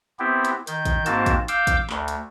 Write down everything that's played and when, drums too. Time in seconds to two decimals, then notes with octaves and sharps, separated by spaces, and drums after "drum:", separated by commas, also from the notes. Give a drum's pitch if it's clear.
0.19 B3 C4 E4 G4
0.45 drum: hi-hat
0.67 D#3 G6, drum: hi-hat
0.85 drum: kick A1, hi-hat
1.06 G#2 A#3 C4 F#4 A5, drum: hi-hat
1.26 drum: kick A1, hi-hat
1.48 F5 D6 E6 G6, drum: hi-hat
1.67 drum: kick A1, hi-hat
1.90 D2, drum: clap
2.08 drum: hi-hat